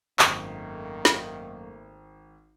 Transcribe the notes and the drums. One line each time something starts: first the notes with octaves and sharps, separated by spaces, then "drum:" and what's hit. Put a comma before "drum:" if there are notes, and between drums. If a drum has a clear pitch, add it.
G#1 F#2 D#3 A3 A#3, drum: clap
drum: snare